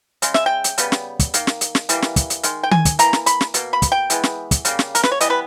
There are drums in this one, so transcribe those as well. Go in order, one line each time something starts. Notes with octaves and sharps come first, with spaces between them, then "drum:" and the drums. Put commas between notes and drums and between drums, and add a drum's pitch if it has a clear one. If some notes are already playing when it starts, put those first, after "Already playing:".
C#3 G#3, drum: hi-hat
E5, drum: snare
G5
drum: hi-hat
C#3 G3 B3, drum: hi-hat
drum: snare
drum: kick, hi-hat
D#3 A#3, drum: hi-hat
drum: snare
drum: hi-hat
drum: snare
E3 G3 A#3, drum: hi-hat
drum: snare
drum: kick, hi-hat
drum: hi-hat
D#3 G#3, drum: hi-hat
G5
G#5, drum: tom D#3
drum: kick, hi-hat
E3 A#3 A#5, drum: hi-hat
drum: snare
B5, drum: hi-hat
drum: snare
B2 A#3, drum: hi-hat
B5
drum: kick, hi-hat
G5
E3 G#3 B3, drum: hi-hat
drum: snare
drum: kick, hi-hat
C#3 G3 A#3, drum: hi-hat
drum: snare
A#4, drum: hi-hat
B4, drum: snare
C#5
E3 G3 B3 D#5, drum: hi-hat
B4